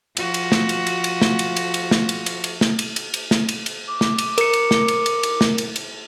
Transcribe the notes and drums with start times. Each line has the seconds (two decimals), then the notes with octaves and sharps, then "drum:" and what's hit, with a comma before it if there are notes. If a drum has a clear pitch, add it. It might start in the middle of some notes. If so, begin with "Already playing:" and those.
0.17 F3 F#4, drum: cymbal
0.34 drum: cymbal
0.52 drum: snare
0.69 drum: cymbal
0.87 drum: cymbal
1.04 drum: cymbal
1.22 drum: snare
1.39 drum: cymbal
1.56 drum: cymbal
1.74 drum: cymbal
1.91 drum: snare
2.09 drum: cymbal
2.26 drum: cymbal
2.44 drum: cymbal
2.61 drum: snare
2.79 drum: cymbal
2.96 drum: cymbal
3.14 drum: cymbal
3.31 drum: snare
3.49 drum: cymbal
3.66 drum: cymbal
3.88 D6
4.01 drum: snare
4.18 drum: cymbal
4.38 A#4 C#7, drum: cymbal
4.53 drum: cymbal
4.71 drum: snare
4.88 drum: cymbal
5.06 drum: cymbal
5.23 drum: cymbal
5.41 drum: snare
5.58 drum: cymbal
5.76 drum: cymbal